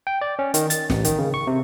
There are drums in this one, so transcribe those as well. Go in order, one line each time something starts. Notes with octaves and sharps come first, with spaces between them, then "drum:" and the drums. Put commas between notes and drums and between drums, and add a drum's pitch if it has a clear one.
G5
D5
C#4
D#3, drum: hi-hat
A6, drum: hi-hat
A1, drum: snare
D#3, drum: hi-hat
C#3
C#6
C3